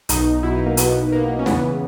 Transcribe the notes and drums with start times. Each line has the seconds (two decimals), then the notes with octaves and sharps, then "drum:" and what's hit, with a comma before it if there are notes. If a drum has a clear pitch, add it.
0.09 B1 B2 D#4, drum: hi-hat
0.43 B1 B2 E4
0.55 D#4
0.66 A#3
0.77 B1 B2 B3, drum: hi-hat
1.12 B1 B2 A#3
1.29 A#3
1.39 C#4
1.46 E2 C#3 E3 B3, drum: snare